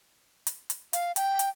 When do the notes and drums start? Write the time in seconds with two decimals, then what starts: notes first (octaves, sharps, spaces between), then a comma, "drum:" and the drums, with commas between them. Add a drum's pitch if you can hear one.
0.47 drum: hi-hat
0.70 drum: hi-hat
0.93 F5, drum: hi-hat
1.16 G5, drum: hi-hat
1.39 drum: hi-hat